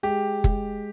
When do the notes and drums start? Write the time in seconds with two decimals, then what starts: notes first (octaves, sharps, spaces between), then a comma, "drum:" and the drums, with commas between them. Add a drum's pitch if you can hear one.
0.03 G#3 G4
0.44 G#3, drum: kick